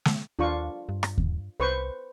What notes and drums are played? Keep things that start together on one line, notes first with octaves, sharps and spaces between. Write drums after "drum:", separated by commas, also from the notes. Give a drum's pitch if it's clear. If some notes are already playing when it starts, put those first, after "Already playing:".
drum: snare
D#2 D4 F4 C#6
G2
drum: rim click
drum: kick D#2
C2 B4 C5 C#6